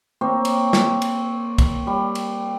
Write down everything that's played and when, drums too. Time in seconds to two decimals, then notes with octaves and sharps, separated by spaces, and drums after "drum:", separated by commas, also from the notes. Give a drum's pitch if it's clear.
0.21 A#3 C4 C#5
0.45 drum: cymbal
0.73 drum: snare
1.02 drum: cymbal
1.58 drum: kick, cymbal
1.87 G3
2.15 drum: cymbal